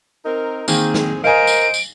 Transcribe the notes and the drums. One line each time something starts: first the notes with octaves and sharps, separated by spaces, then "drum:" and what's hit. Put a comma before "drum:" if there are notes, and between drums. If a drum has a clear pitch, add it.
C4 D#4 A#4
D#3 A#3 C4 G#4, drum: tambourine
drum: snare
A#4 C5 D#5 F5 G#5 D7
drum: tambourine
drum: tambourine